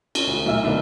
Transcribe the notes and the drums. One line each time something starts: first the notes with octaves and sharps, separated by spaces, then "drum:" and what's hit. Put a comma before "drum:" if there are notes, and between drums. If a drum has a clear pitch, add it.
C#4 F4, drum: cymbal
D2
B1 A#2 A3 E5 E6 F6
D3 A#3 B3 D4 D#4